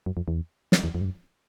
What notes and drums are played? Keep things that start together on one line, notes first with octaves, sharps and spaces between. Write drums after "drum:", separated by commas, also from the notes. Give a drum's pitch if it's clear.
F#2
F2
E2
drum: snare
E2
F2
G2
F#2